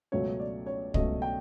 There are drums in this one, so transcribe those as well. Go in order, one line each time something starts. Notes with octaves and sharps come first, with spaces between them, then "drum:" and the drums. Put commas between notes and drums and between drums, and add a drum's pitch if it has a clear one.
C#2 B2 F#3 A3 C#5
D5
C#5
C#2 B2 F#3 A3 D#5, drum: kick
G5